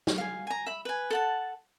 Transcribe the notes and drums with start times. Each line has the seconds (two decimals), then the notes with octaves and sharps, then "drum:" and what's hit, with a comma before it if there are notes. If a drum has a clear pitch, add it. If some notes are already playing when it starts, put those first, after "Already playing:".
0.07 drum: snare
0.18 F5 G#5
0.47 G#5 A#5
0.66 E5 B5
0.85 B4 G#5
1.10 A4 F#5 A5